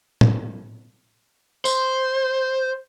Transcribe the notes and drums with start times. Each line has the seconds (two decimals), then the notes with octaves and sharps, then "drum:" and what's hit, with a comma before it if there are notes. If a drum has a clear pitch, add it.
0.21 drum: tom A2
1.65 C5, drum: tambourine